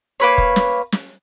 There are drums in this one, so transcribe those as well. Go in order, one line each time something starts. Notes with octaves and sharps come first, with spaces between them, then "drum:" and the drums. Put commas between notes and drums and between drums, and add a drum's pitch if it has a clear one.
A#3 B4 C#5
drum: kick
drum: snare
drum: snare